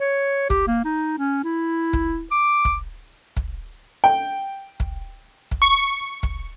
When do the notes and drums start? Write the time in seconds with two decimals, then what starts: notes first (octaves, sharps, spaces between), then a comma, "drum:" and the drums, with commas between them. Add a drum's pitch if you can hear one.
0.01 C#5
0.50 G4, drum: kick
0.68 A#3
0.85 D#4
1.18 C#4
1.44 E4
1.93 drum: kick
2.31 D6
2.65 drum: kick
3.36 drum: kick
4.04 G5
4.80 drum: kick
5.51 drum: kick
5.62 C#6
6.23 drum: kick